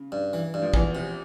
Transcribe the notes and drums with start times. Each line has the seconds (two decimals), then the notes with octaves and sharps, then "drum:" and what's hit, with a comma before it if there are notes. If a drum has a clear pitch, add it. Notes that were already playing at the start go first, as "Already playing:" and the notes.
Already playing: C#3
0.12 G2
0.33 E3
0.54 G2
0.62 F3
0.74 E2 E3, drum: kick
0.95 C3